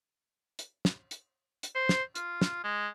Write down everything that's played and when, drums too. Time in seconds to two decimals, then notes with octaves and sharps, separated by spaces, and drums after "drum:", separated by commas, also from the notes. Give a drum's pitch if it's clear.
0.59 drum: hi-hat
0.85 drum: snare
1.11 drum: hi-hat
1.63 drum: hi-hat
1.75 C5
1.89 drum: snare
2.15 F4, drum: hi-hat
2.42 drum: snare
2.64 G#3